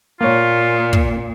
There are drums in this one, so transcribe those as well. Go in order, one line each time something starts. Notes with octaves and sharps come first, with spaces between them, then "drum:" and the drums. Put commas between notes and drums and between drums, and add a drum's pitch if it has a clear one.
A#2 A#3 F4 C#5
drum: kick